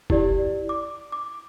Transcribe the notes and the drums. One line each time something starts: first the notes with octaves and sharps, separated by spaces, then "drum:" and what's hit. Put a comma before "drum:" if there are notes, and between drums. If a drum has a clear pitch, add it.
E4 G4 D5, drum: kick F1
D6
D6